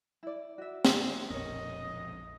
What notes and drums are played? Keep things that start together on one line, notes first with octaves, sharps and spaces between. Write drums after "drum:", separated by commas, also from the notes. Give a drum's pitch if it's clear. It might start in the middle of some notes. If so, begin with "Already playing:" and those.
E4 D5
F#4 E5
drum: snare
E1 A#1 F2 A#4 C#5 D#5